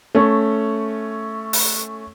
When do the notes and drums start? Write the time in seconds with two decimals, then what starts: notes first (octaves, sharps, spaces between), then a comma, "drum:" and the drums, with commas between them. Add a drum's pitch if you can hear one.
0.15 A3 C#4
1.53 drum: open hi-hat